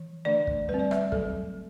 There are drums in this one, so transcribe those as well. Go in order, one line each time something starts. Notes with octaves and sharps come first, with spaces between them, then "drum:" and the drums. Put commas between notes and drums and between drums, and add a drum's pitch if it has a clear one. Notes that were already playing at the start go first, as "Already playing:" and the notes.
Already playing: E3
D3 A3 D4 D5
drum: kick
G3 B4
C4
D5
E5, drum: rim click
F#3 A3 C4 A4, drum: kick